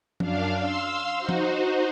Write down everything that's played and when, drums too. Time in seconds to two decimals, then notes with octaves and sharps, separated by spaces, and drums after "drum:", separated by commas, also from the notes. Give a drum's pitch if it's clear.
0.20 F#2 D4 F5, drum: tom F3
0.58 F5 C6 E6
1.18 D#4 F#4 C5
1.29 drum: tom F3